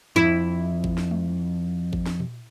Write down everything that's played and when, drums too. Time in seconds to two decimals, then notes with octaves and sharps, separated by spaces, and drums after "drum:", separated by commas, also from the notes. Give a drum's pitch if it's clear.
0.16 F2 E4
0.84 drum: kick G#1
0.98 drum: snare
1.11 drum: tom G#3
1.93 drum: kick G#1
2.06 drum: snare
2.20 drum: tom A#2